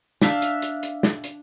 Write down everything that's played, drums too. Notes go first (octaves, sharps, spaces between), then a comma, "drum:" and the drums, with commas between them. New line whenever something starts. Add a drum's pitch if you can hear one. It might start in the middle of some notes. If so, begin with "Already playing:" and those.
D4 E5 F5, drum: snare
drum: hi-hat
drum: hi-hat
drum: hi-hat
drum: snare
drum: hi-hat